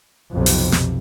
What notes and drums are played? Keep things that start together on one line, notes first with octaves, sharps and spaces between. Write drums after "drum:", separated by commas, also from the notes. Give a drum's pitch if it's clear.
B1 F2 C3
drum: open hi-hat
drum: snare